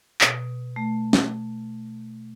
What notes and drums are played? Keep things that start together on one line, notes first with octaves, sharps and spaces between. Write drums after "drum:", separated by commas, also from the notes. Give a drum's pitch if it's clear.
B2, drum: clap
A3
drum: snare